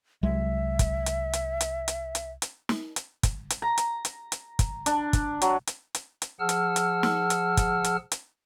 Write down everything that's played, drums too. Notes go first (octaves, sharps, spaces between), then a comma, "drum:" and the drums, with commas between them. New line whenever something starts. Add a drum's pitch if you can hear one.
C2 F#3 G#3 E5
drum: kick, hi-hat
drum: hi-hat
drum: hi-hat
drum: hi-hat
drum: hi-hat
drum: hi-hat
drum: hi-hat
drum: snare
drum: hi-hat
drum: kick, hi-hat
drum: hi-hat
A#5
drum: hi-hat
drum: hi-hat
drum: hi-hat
drum: kick, hi-hat
D4, drum: hi-hat
drum: kick, hi-hat
F#3, drum: hi-hat
drum: hi-hat
drum: hi-hat
drum: hi-hat
F3 G#4 F#5 A5 E6 F6
drum: hi-hat
drum: hi-hat
drum: snare
drum: hi-hat
drum: kick, hi-hat
drum: hi-hat
drum: hi-hat